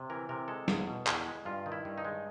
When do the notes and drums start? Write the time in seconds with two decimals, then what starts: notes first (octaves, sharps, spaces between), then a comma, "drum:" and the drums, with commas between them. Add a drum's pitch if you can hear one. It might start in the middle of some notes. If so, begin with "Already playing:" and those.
Already playing: C3
0.10 E3 A#4
0.29 C3 A#4
0.48 G#3 A4
0.68 E2, drum: snare
0.88 B2
1.07 E2, drum: clap
1.26 G#3
1.45 G2 F4
1.66 D#3
1.72 E4
1.85 G2
1.98 D#4
2.05 G#3